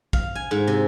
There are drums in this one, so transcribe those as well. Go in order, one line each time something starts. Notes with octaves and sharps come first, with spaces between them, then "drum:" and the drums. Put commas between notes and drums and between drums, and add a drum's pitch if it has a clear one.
F5, drum: kick
G#5
G#2
C3